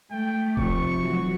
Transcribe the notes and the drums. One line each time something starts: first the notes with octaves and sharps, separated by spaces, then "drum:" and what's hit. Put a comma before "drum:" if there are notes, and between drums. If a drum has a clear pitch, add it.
A3 G5
C3 F3 C#6, drum: kick D#1
E3 F#3 F#4